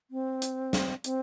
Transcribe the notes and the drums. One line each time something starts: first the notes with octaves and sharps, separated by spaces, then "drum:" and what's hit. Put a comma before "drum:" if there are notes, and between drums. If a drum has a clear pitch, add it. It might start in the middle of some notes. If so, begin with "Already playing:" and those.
C4
drum: hi-hat
drum: snare
C4, drum: hi-hat